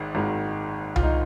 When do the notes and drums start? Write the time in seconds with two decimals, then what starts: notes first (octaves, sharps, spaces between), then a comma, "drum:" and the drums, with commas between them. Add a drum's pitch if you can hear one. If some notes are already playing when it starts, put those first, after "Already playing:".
Already playing: G#1 G#2 D#3
0.15 G#1 G#2 D#3
0.96 F4, drum: tom C2
1.03 D#3 D#4